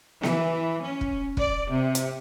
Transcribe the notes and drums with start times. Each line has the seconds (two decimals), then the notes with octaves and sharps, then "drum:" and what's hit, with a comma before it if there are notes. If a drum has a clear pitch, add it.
0.23 E3, drum: snare B3
0.83 C#4
1.01 drum: kick
1.37 D5, drum: kick
1.71 C3
1.95 drum: hi-hat